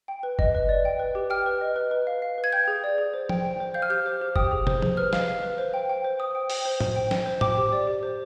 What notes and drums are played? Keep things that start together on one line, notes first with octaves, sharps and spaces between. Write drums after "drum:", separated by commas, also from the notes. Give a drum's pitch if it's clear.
G5
B4
D#5, drum: kick F#1
B4
D5
G5
B4
G4
G5 F6
B4
D#5
B4
B4
F5
F5
B4
G#6
G5 G6
G#4
D5
G#4
C5
G5, drum: tom
G5
C5
F5 G6
F6
G4 G6
C5
G4
G5 D#6, drum: kick F#1
G#4
C5, drum: tom
G#4, drum: tom
B4 F6
F5, drum: snare
F5
B4
C5
G5
G5
C5
C5 D#6
G5
G5, drum: open hi-hat
C5
C5, drum: tom
G5
G5, drum: snare
C5
G5 D6, drum: tom
G4
D5
G4
C5